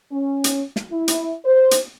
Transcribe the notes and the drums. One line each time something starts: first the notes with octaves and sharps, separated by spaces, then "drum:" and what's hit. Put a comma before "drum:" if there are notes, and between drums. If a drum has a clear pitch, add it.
C#4
drum: hi-hat
drum: snare
E4
drum: hi-hat
C5
drum: hi-hat